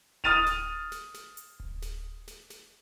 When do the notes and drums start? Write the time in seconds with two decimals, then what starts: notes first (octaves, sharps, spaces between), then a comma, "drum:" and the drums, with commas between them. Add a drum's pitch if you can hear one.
0.24 D#6 F6 A6 D#7 F7, drum: kick D1
0.46 drum: snare
0.92 drum: snare
1.14 drum: snare
1.37 drum: hi-hat
1.60 drum: kick D1
1.82 drum: snare
2.28 drum: snare
2.50 drum: snare